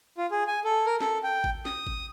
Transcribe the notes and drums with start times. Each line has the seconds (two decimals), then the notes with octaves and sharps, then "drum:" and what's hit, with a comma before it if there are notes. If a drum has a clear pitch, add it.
0.18 F4
0.31 G#4
0.47 G#5
0.64 A4
0.86 A#4
1.01 A4, drum: snare
1.24 G5
1.44 drum: kick
1.65 D#6, drum: snare
1.87 drum: kick